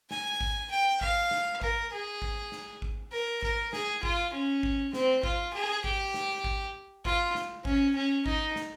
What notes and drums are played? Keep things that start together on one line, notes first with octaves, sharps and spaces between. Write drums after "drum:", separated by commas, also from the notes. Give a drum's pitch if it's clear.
G#5, drum: snare
drum: kick G#1
G5
F5, drum: kick G#1
drum: snare
A#4, drum: kick G#1
G#4
drum: kick G#1
drum: snare
drum: kick G#1
A#4
A#4, drum: kick G#1
G#4, drum: snare
F4, drum: kick G#1
C#4
drum: kick G#1
C4, drum: snare
F4, drum: kick G#1
G#4
G4, drum: kick G#1
drum: snare
drum: kick G#1
F4, drum: kick G#1
drum: snare
C#4, drum: kick G#1
C#4
D#4, drum: kick G#1
drum: snare